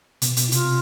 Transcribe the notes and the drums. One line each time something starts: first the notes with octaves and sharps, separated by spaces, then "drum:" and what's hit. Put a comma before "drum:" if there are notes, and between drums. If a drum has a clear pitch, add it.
B2, drum: hi-hat
B2, drum: hi-hat
E4
C3 F4, drum: hi-hat